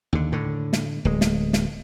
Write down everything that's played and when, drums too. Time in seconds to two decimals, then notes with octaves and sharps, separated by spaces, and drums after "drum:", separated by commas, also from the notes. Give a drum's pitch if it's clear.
0.13 D#2 D3
0.32 A2 D3
0.73 drum: snare
1.05 D1 G#3
1.21 drum: snare
1.53 drum: snare